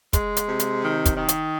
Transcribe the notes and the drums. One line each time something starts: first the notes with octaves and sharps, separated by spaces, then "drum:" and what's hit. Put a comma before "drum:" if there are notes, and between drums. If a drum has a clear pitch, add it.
G#3, drum: kick, hi-hat
drum: hi-hat
C3
drum: hi-hat
D#3
drum: kick, hi-hat
D#3
drum: hi-hat